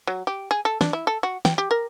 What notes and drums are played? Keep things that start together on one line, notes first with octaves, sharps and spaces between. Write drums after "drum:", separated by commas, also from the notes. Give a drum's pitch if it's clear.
F#3
G4
G#4
A4
D4, drum: snare
E4
A4
F#4
G5, drum: snare
G4
A#4